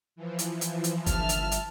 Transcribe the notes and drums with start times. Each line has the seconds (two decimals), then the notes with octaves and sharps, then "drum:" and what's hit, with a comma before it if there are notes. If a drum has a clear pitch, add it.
0.16 E3 F3
0.39 drum: hi-hat
0.61 drum: hi-hat
0.84 drum: hi-hat
1.06 G1 E5 A5 F6, drum: kick, hi-hat
1.29 drum: hi-hat
1.51 drum: hi-hat